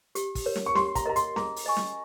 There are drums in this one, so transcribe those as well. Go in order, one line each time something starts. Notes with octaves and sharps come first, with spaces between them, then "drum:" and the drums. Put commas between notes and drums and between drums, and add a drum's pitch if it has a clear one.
G4, drum: hi-hat
drum: kick, open hi-hat
A#4 C#5
drum: snare
C#6
G4 C6, drum: snare
A#5, drum: kick, hi-hat
A#4 D#5 A#5
C6, drum: hi-hat
G#4 A#5, drum: snare
drum: open hi-hat
D#5 G#5 C#6
drum: snare